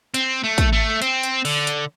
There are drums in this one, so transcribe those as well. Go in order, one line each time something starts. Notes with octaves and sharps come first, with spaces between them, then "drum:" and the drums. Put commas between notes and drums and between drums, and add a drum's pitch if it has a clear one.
C4, drum: hi-hat
A3
drum: kick, hi-hat
A3
C4, drum: hi-hat
drum: hi-hat
D3, drum: open hi-hat
drum: hi-hat